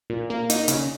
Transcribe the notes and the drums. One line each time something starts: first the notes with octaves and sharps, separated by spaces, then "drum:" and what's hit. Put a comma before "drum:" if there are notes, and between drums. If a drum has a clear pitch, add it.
A#2
A#3
D#4, drum: hi-hat
C#3, drum: hi-hat